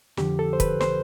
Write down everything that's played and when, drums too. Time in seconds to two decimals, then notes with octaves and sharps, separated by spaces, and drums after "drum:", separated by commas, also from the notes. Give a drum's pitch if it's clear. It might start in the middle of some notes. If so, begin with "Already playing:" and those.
0.17 F2 D3 F3 G4, drum: snare
0.39 A4
0.53 C5
0.60 B4, drum: kick, hi-hat
0.81 C5, drum: snare